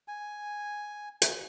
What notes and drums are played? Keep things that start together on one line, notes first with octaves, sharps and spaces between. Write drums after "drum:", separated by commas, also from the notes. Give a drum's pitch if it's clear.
G#5
drum: hi-hat